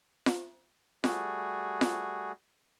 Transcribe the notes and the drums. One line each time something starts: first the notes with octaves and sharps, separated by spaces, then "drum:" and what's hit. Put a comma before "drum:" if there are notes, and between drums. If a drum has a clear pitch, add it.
drum: snare F4
G3 A3 F#4 G#4, drum: snare F4
drum: snare F4